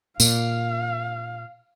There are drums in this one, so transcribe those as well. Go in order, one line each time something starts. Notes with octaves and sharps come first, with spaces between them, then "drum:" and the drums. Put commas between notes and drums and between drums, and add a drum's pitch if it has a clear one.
A#2 F5, drum: tambourine